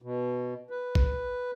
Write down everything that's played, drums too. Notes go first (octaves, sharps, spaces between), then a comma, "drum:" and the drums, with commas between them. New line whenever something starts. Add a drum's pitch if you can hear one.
B2
B4
drum: kick